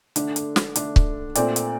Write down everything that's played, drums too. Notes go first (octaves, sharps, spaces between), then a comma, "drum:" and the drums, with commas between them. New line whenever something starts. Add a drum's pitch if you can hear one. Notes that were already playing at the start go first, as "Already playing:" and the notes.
D3 A3 D4 D5, drum: hi-hat
drum: hi-hat
drum: snare
D3 A3 D4, drum: hi-hat
drum: kick C#1
A#2 A3 C4 D5, drum: hi-hat
drum: hi-hat